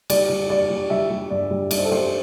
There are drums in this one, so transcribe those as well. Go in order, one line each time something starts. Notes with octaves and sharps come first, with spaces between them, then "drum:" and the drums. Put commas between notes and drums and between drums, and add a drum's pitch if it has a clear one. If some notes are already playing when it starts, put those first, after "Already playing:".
G3 D5, drum: cymbal
G3
G3 D5
G3
G3 E5
G3
G2 D5
G3
G2 D5, drum: cymbal
C5
A4
G3 C5